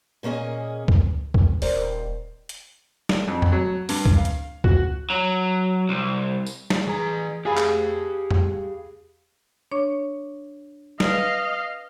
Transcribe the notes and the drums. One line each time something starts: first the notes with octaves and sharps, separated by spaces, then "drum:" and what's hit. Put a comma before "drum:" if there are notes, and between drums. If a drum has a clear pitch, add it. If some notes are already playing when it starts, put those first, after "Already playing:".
A#2 A#3 C#4 G#4 D#5
drum: kick C#2
drum: kick C#2
D#1 A#4 C5 D5, drum: open hi-hat
drum: hi-hat
drum: snare
F2
drum: tom E2
F#3
G2, drum: open hi-hat
drum: kick C#2
F5
drum: hi-hat
F#4, drum: kick C#2
F#3
C2
drum: tambourine
drum: snare
E3 G#4 A#5
G4 G#4 F5 B5
drum: clap
drum: tom E2
D4 C#5 C#6
B4 D#5 F5, drum: snare